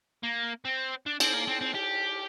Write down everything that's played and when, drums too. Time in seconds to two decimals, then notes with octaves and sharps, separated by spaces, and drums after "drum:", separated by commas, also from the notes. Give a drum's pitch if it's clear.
0.23 A#3
0.65 C4
1.06 D4
1.20 C4, drum: cymbal
1.33 A#3
1.48 C4
1.61 C4
1.75 G4